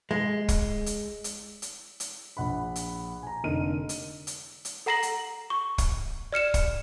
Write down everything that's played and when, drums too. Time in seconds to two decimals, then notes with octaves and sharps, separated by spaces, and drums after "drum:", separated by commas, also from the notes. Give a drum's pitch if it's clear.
0.11 G#3
0.49 drum: kick, hi-hat
0.86 drum: hi-hat
1.24 drum: hi-hat
1.62 drum: hi-hat
2.00 drum: hi-hat
2.37 A#1 F#5 B5
2.76 drum: hi-hat
3.23 G#5 A#5
3.43 F1 D3 A#3 D#4 F6 D#7
3.89 drum: hi-hat
4.27 drum: hi-hat
4.65 drum: hi-hat
4.86 A4 F#5 A#5 A#6 C7 F#7
5.03 drum: hi-hat
5.50 C#6
5.78 drum: kick, hi-hat
6.32 D5 F6 C#7 E7
6.54 drum: kick, hi-hat